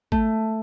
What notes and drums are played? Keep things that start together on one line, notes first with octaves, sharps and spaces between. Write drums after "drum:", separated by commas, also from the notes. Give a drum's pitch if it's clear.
A3, drum: kick G#1